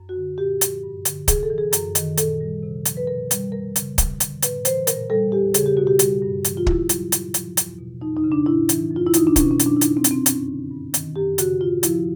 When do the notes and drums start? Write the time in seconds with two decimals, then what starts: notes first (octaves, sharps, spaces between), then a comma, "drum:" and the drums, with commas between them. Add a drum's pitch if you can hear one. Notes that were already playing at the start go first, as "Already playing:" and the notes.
Already playing: F#2
0.09 F#4
0.16 D3
0.38 A#2 G4
0.61 F3, drum: hi-hat
0.83 G2
1.05 D3, drum: hi-hat
1.28 C3 G#4, drum: kick, hi-hat
1.43 A4
1.50 E3
1.58 G#4
1.73 F#2, drum: hi-hat
1.95 D#3, drum: hi-hat
2.17 A#2 A4, drum: hi-hat
2.41 G3
2.62 C3
2.85 F3, drum: hi-hat
2.97 B4
3.07 B2 A#4
3.31 G3, drum: hi-hat
3.52 F#2 A#4
3.76 C#3, drum: hi-hat
3.98 F2, drum: kick, hi-hat
4.20 D3, drum: hi-hat
4.42 A2 B4, drum: hi-hat
4.65 E3 C5, drum: hi-hat
4.87 A#2 A#4, drum: hi-hat
5.10 G3 A4
5.32 E2 G4
5.54 C#3 G#4, drum: hi-hat
5.66 G4
5.77 B2 F#4
5.87 G4
5.99 G3, drum: hi-hat
6.22 G2
6.44 E3, drum: hi-hat
6.57 F4
6.67 B2 E4, drum: kick
6.89 F#3, drum: hi-hat
7.12 A#2, drum: hi-hat
7.34 F3, drum: hi-hat
7.57 E2, drum: hi-hat
7.79 B2
8.01 F2 D#4
8.17 D#4
8.24 C#3
8.32 D4
8.46 A2 E4
8.69 E3, drum: hi-hat
8.91 F#2
8.96 F4
9.06 E4
9.14 D#3 D#4, drum: hi-hat
9.27 D4
9.36 B2 C#4, drum: kick, hi-hat
9.51 C#4
9.59 F#3, drum: hi-hat
9.66 D4
9.76 E4
9.81 F2 D#4, drum: hi-hat
9.97 C4
10.04 C3, drum: hi-hat
10.11 C4
10.26 F#2 C#4, drum: hi-hat
10.49 D3
10.71 G2
10.94 D#3, drum: hi-hat
11.16 F#2 G4
11.38 C#3 F#4, drum: hi-hat
11.60 A2 F4
11.83 F3 E4, drum: hi-hat